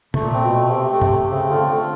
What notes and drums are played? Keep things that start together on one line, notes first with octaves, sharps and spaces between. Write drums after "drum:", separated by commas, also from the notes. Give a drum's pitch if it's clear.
A#2 A3, drum: tom
C4
B2
A3
C3 C4
A3
C3, drum: tom G2
A3
C#3 C4
D3 F4
D3 A3